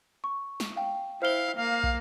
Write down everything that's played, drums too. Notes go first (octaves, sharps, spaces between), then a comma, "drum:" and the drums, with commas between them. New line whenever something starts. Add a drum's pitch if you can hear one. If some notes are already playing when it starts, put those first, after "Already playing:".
C#6
drum: snare
F5 G5
E4 C5 F5 G7
A#3 F5
drum: kick